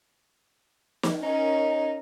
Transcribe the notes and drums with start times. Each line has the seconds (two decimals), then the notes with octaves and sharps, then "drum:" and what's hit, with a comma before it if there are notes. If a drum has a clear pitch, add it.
1.03 drum: snare
1.23 C#4 D#4 A#4